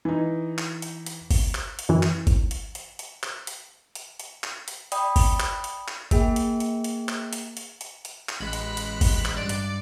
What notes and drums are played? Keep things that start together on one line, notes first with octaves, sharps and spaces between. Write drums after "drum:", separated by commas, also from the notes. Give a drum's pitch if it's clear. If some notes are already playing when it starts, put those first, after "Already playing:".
E3 D#4
drum: clap
drum: hi-hat
drum: hi-hat
drum: kick G1, open hi-hat
drum: clap
drum: hi-hat
F#2 E3
drum: clap
drum: kick G1, hi-hat
drum: hi-hat
drum: hi-hat
drum: hi-hat
drum: clap
drum: hi-hat
drum: hi-hat
drum: hi-hat
drum: clap
drum: hi-hat
D5 G5 B5 D#6, drum: hi-hat
drum: kick G1, open hi-hat
drum: clap
drum: hi-hat
drum: clap
A#3 G#4 G5, drum: kick G1, hi-hat
drum: hi-hat
drum: hi-hat
drum: hi-hat
drum: clap
drum: hi-hat
drum: hi-hat
drum: hi-hat
drum: hi-hat
drum: clap
A1 G#3 B5 F#6
drum: hi-hat
drum: hi-hat
drum: kick G1, open hi-hat
drum: clap
G2 D5
drum: hi-hat